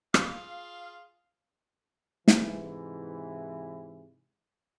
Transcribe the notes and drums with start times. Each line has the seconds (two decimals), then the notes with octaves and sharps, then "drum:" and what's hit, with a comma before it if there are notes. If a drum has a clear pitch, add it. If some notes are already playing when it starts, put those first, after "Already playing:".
0.14 F4 G#4 F5, drum: rim click
2.28 G#2 C3 E3, drum: snare